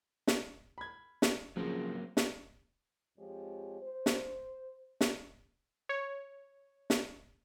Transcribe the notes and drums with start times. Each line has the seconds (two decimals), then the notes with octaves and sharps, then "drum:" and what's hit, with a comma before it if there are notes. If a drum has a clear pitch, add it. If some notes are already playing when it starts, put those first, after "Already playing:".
0.27 drum: snare
0.78 B5 G#6
1.22 drum: snare
1.56 C#3 F3 F#3 A#3 C4
2.17 drum: snare
3.18 F2 F3 G#3 C4 G4 C#5
3.82 C5
4.06 drum: snare
5.01 drum: snare
5.89 C#5
6.90 drum: snare